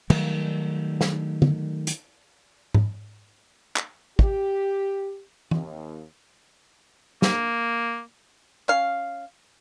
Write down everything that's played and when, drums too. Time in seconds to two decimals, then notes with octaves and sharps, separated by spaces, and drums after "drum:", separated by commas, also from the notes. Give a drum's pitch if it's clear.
0.10 D#3 F#3 G3 A3, drum: cymbal
1.01 drum: snare
1.42 drum: tom
1.87 drum: hi-hat
2.74 drum: tom G#2
3.76 drum: clap
4.19 G4, drum: kick
5.51 D#2, drum: tom E3
7.22 A#3, drum: snare
8.68 C#4 F5